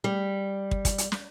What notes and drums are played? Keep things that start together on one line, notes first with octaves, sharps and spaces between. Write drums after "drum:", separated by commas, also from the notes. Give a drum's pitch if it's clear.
G3
drum: kick
drum: kick, hi-hat
drum: hi-hat
drum: snare